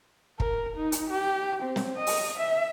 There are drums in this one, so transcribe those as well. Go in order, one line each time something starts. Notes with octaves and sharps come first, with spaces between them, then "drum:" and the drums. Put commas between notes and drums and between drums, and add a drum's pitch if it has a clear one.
A#4, drum: kick
D#4
drum: hi-hat
G4
C4
drum: snare
D#5
drum: open hi-hat
E5